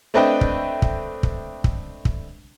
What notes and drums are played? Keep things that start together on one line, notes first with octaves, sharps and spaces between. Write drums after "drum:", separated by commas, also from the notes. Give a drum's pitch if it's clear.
A3 C4 D4 B4 D#5 G5
drum: kick
drum: kick
drum: kick
drum: kick
drum: kick